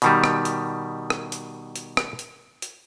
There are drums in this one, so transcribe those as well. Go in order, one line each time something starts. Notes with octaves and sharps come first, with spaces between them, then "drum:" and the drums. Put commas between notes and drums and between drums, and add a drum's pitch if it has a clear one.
B2 D#3 G3, drum: hi-hat
drum: rim click
drum: hi-hat
drum: rim click
drum: hi-hat
drum: hi-hat
drum: rim click
drum: hi-hat
drum: hi-hat